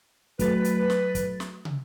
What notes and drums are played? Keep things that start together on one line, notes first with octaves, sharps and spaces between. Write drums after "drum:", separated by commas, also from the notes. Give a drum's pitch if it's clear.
F#3 A3 B4 A6, drum: kick, hi-hat
drum: hi-hat
drum: snare
drum: kick, hi-hat
drum: snare
drum: tom